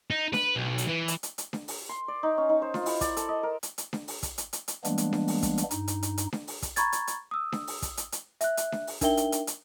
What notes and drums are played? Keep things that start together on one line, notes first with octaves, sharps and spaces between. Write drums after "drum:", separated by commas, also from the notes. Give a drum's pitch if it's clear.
D#4
B4, drum: snare D4
B1
drum: hi-hat
E3
drum: hi-hat
drum: hi-hat
drum: hi-hat
drum: snare D4
drum: open hi-hat
C6
D5
D#4
C#4
D#4
C5
F4, drum: snare D4
E4, drum: open hi-hat
D5, drum: kick, hi-hat
A4, drum: hi-hat
D#5
A#4
drum: hi-hat
drum: hi-hat
drum: snare D4
drum: open hi-hat
drum: kick, hi-hat
drum: hi-hat
drum: hi-hat
drum: hi-hat
E3 G3 G#3 A#3 B3 D4, drum: hi-hat
drum: hi-hat
drum: snare D4
drum: open hi-hat
drum: kick, hi-hat
drum: hi-hat
G2 D#4, drum: hi-hat
drum: hi-hat
drum: hi-hat
drum: hi-hat
drum: snare D4
drum: open hi-hat
drum: kick, hi-hat
A#5 B5 C#6 G#6 A6, drum: hi-hat
drum: hi-hat
drum: hi-hat
D#6 E6
drum: snare D4
drum: open hi-hat
drum: kick, hi-hat
drum: hi-hat
drum: hi-hat
E5 F#6, drum: hi-hat
drum: hi-hat
drum: snare D4
drum: open hi-hat
D4 D#4 A#4 E5 G5 G7, drum: kick, hi-hat
drum: hi-hat
drum: hi-hat
drum: hi-hat